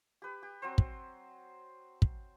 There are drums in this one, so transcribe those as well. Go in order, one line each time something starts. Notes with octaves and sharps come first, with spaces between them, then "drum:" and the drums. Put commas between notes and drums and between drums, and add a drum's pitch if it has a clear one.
G4 B4
G4
F#3 C4 C5
drum: kick
drum: kick